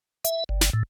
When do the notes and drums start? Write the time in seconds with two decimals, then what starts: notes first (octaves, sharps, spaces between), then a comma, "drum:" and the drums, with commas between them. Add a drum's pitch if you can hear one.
0.25 E5, drum: hi-hat
0.49 G1
0.61 drum: snare
0.73 A2